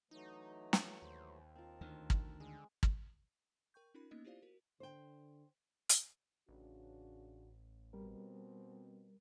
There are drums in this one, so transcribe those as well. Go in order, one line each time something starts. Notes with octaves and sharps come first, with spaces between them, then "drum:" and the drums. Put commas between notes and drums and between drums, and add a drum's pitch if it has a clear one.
E3 F#3 A3 D#4
drum: snare
D#2 C5 B5
C4 F4 A#4 A5
D2 D#3
drum: kick
D3 G#3
drum: kick
A#4 G5 C#6 G6
C#4 D#4 F4 A#4 B5
A#3 B3 C#4 D#4 D#5
E4 F4 G4 C5 D5 F5
F#4 A#4
D3 C5 G5
drum: hi-hat
A1 C#3 D4 F#4
B2 G3 C4 A#4